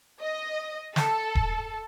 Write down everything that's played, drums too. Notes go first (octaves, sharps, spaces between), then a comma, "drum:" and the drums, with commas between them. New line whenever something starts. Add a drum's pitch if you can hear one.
D#5
A4, drum: snare
drum: kick D#1